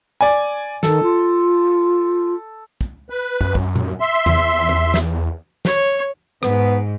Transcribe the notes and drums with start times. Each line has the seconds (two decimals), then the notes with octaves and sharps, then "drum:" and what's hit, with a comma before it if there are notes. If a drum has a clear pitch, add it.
0.21 D5 G#5
0.83 D#3 A4, drum: snare
1.03 F4
2.81 drum: kick
3.10 B4
3.41 F#2, drum: kick
3.55 drum: kick
3.76 D#2, drum: tom A#2
4.00 E5 C6
4.26 E2, drum: tom E2
4.69 drum: tom E3
4.94 drum: snare
5.65 C#5, drum: snare
6.43 G#2 B3, drum: rim click